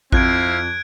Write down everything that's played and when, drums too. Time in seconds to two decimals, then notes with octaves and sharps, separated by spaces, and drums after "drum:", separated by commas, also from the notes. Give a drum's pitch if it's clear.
0.12 F2 C4 E4 F5 F#6 G#6 D7, drum: kick A1